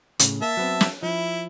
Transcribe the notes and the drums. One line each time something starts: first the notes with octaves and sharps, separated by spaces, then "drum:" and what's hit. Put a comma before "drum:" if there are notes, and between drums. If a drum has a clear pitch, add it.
A2 C#3, drum: hi-hat
A#3 E5 A5
F#3 B3 C4
drum: snare
F3 E4